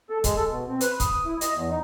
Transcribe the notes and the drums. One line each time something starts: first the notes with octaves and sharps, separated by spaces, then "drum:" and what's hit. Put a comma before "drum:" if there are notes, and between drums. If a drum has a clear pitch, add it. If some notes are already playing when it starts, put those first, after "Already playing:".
A4
G#3, drum: kick, hi-hat
A4
B2
C4
B4, drum: hi-hat
D#6, drum: kick, hi-hat
E4
D#5, drum: hi-hat
E2
D#4